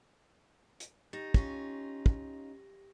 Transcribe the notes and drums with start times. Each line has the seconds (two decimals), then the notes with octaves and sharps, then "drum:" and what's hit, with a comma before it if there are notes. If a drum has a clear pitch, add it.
0.80 drum: hi-hat
1.13 D#4 G4 A#6
1.34 C#4 D#4 F4, drum: kick
2.06 drum: kick